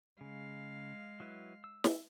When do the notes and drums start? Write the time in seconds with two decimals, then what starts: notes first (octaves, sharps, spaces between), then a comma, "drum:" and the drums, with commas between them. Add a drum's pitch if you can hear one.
0.21 C#3 G#3 F5
1.20 F#3 E4 B4
1.64 E6
1.84 drum: snare